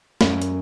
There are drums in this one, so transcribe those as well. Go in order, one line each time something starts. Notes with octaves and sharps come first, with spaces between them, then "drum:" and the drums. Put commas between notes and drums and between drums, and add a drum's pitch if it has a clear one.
F#2, drum: snare
drum: hi-hat